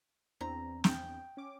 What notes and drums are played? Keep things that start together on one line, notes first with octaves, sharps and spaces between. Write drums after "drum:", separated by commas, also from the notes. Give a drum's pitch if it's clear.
E2 C4 D4 A#5
G5, drum: snare
C#4 D6